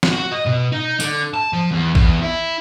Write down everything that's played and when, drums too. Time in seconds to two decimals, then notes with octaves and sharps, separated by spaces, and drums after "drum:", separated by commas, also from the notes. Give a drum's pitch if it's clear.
0.03 drum: snare
0.13 F#4
0.32 D#5
0.47 B2
0.73 D#4
1.00 D3, drum: tambourine
1.34 A5
1.53 F3
1.72 E2
1.95 E2, drum: kick
2.22 E4